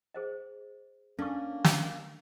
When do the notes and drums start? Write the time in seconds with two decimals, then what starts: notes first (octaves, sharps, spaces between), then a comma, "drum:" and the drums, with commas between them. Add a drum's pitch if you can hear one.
0.14 G#4 C5 D#5
1.19 A#3 C#4 D4 A4 C#6
1.64 drum: snare